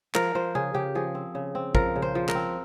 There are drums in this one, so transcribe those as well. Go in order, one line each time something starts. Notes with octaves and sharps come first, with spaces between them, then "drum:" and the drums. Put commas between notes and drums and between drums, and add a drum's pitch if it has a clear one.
F3 A#4, drum: clap
F3 C5
C#3 G#4
C#3 G4
F3 G#4
C4
C#3
C4
F3 A#4, drum: kick
C#3
C5
F3
A#4, drum: clap
C4